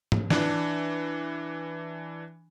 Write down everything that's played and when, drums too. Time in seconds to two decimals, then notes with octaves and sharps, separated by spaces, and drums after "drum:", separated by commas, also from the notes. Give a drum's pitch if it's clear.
0.12 drum: tom G#2
0.30 E3 D4, drum: snare